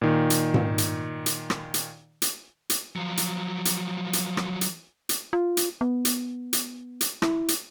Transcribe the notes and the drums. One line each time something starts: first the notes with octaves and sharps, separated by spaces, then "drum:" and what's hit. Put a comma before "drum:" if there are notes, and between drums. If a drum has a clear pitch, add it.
A#2 D#3
drum: hi-hat
drum: tom G#2
drum: hi-hat
drum: hi-hat
drum: rim click
drum: hi-hat
drum: hi-hat
drum: hi-hat
F3 F#3
drum: hi-hat
drum: hi-hat
drum: hi-hat
drum: rim click
drum: hi-hat
drum: hi-hat
F4
drum: hi-hat
B3
drum: hi-hat
drum: hi-hat
drum: hi-hat
E4, drum: rim click
drum: hi-hat